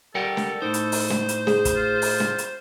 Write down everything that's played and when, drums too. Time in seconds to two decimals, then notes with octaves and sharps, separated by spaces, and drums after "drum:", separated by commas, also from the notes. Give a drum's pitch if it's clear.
0.15 G3 A4 A#4 F#5 G5
0.37 drum: snare
0.62 A2 D#4 C5
0.74 drum: hi-hat
0.92 drum: open hi-hat
1.10 drum: snare
1.29 drum: hi-hat
1.47 G#4, drum: snare
1.65 drum: kick, hi-hat
1.76 F4
2.02 drum: open hi-hat
2.20 drum: snare
2.38 drum: hi-hat